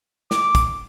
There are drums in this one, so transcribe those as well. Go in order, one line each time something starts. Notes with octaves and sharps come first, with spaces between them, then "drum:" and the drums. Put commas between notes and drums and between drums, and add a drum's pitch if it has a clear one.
D6, drum: snare
drum: kick, hi-hat